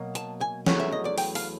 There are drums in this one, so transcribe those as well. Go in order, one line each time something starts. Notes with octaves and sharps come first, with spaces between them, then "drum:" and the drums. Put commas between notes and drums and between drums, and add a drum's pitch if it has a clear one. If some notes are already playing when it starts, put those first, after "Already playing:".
Already playing: B2 F#3 A#3
A5, drum: hi-hat
G#5
E2 C#3 F#3 A3 C#4 F#5, drum: snare
E5
D#5
D5
G5, drum: open hi-hat
F5, drum: open hi-hat